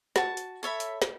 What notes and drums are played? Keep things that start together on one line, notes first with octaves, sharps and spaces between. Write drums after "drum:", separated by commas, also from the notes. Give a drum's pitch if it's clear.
F#4 A5, drum: snare
drum: hi-hat
A4 C#5 E5 B5
drum: hi-hat
drum: snare